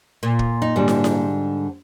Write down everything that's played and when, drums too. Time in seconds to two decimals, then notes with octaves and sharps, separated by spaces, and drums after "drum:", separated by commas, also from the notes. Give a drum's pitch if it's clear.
0.23 A#2
0.39 drum: kick
0.62 D#4
0.76 G#2 D3 G3
0.88 drum: snare
1.04 drum: snare